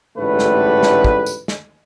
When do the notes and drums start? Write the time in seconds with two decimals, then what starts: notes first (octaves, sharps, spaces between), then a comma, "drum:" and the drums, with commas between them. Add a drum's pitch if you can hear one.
0.17 A1 G#2 D3 G3 A3 B4
0.39 drum: snare
0.83 drum: snare
1.05 drum: kick
1.26 drum: tambourine
1.48 drum: snare